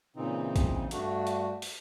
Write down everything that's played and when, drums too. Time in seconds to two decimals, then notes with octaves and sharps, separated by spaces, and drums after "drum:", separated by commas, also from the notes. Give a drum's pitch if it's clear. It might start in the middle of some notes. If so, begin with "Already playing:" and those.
0.16 A#2 C#3 E3 C4 D#4
0.56 drum: kick, hi-hat
0.91 G2 A3 D4 F#4, drum: hi-hat
1.27 drum: hi-hat
1.62 drum: open hi-hat